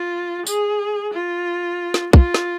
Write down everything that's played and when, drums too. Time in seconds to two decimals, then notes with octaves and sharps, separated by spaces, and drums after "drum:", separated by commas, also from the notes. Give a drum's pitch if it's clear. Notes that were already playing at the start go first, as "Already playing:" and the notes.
Already playing: F4
0.47 G#4, drum: tambourine
1.14 F4
1.94 drum: snare
2.13 F4, drum: kick
2.34 drum: snare